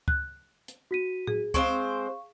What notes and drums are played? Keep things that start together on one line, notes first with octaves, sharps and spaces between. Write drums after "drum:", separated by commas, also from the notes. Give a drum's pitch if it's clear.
F#6, drum: kick C#2
drum: hi-hat
F#4 B6 D#7
G#4, drum: tom A2
G#3 C4 C5 F5 C#6, drum: kick C#2